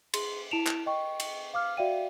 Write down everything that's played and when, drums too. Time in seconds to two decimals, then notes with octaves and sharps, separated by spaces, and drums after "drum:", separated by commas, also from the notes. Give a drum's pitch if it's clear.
0.14 G#4 C6, drum: cymbal
0.51 E4 A5 D7 E7 F7
0.67 drum: clap
0.86 D#5 G5 C#6
1.20 drum: cymbal
1.54 F5 D6 F6
1.77 F#4 D5 E5 F5 G5 D#7